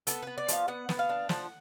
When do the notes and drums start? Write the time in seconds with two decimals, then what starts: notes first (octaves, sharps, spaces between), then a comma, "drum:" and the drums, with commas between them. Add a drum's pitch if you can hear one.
0.07 B3 A4, drum: hi-hat
0.22 B3 B4
0.38 D5
0.48 F3 F5, drum: hi-hat
0.68 B3 F#5
0.89 B3, drum: snare
0.99 F5
1.09 D4
1.29 F3 F#5, drum: snare